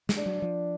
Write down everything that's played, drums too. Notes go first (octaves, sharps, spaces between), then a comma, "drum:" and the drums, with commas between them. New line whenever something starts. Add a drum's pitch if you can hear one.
G#3, drum: snare
D4
F#3
F3